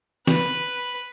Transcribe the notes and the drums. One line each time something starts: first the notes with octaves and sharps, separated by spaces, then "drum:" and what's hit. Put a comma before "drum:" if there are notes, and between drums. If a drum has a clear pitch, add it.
B4, drum: snare